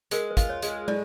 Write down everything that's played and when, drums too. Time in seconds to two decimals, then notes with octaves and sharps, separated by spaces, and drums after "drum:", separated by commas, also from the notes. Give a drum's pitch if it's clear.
0.11 G#3 A#4, drum: hi-hat
0.31 B4
0.37 F4, drum: kick, hi-hat
0.49 C#5
0.62 G#3, drum: hi-hat
0.88 A2 D5, drum: tom